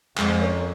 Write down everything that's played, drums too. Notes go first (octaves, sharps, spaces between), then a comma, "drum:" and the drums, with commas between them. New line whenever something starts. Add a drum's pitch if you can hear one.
F2 G#3, drum: clap
C#4 A#4 C#5